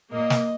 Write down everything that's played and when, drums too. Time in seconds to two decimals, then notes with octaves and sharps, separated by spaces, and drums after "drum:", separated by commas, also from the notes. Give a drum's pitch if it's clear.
0.12 A#2 A#3 D#5
0.30 drum: snare